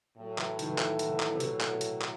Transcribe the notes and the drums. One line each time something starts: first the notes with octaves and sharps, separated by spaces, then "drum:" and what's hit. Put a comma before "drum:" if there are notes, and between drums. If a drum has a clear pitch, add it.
A2 F#3 A3
E3, drum: clap
D#3, drum: hi-hat
E3
F3, drum: clap
drum: hi-hat
E3
drum: clap
C3
B2, drum: hi-hat
drum: clap
B2
drum: hi-hat
drum: clap